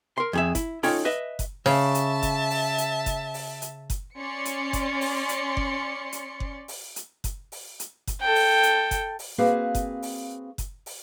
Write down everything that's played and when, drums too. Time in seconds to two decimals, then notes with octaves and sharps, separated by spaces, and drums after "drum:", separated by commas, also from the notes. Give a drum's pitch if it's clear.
0.18 A#4 C6
0.33 F2 G#4 E5
0.55 E4, drum: kick F#1, hi-hat
0.83 C#4 D#4 F4 A4 C#5 G5, drum: open hi-hat
1.05 B4 D#5 E5
1.39 drum: kick F#1, hi-hat
1.66 C#3 E5 A5, drum: open hi-hat
1.95 drum: hi-hat
2.22 drum: kick F#1, hi-hat
2.50 drum: open hi-hat
2.78 drum: hi-hat
3.06 drum: kick F#1, hi-hat
3.34 drum: open hi-hat
3.62 drum: hi-hat
3.90 drum: kick F#1, hi-hat
4.18 C#4 D5 C6 C#7
4.45 drum: hi-hat
4.73 drum: kick F#1, hi-hat
5.01 drum: open hi-hat
5.29 drum: hi-hat
5.57 drum: kick F#1
6.12 drum: hi-hat
6.40 drum: kick F#1
6.68 drum: open hi-hat
6.96 drum: hi-hat
7.24 drum: kick F#1, hi-hat
7.52 drum: open hi-hat
7.80 drum: hi-hat
8.07 drum: kick F#1, hi-hat
8.21 A4 G5
8.35 drum: open hi-hat
8.63 drum: hi-hat
8.91 drum: kick F#1, hi-hat
9.19 drum: open hi-hat
9.38 A#3 C4 F#4 G#4 B4 F5
9.75 drum: kick F#1, hi-hat
10.02 drum: open hi-hat
10.58 drum: kick F#1, hi-hat
10.86 drum: open hi-hat